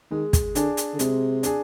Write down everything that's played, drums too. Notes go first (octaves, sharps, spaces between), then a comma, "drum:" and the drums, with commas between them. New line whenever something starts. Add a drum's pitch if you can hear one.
D#3 G#3
drum: kick, hi-hat
D3 D4 G#4, drum: hi-hat
drum: hi-hat
D3
C3 G#3, drum: hi-hat
D4 G#4, drum: hi-hat